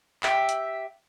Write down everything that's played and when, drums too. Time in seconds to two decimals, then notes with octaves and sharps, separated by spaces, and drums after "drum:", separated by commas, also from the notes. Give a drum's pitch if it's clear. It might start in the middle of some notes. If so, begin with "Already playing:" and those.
0.23 G4 E5, drum: clap
0.49 drum: hi-hat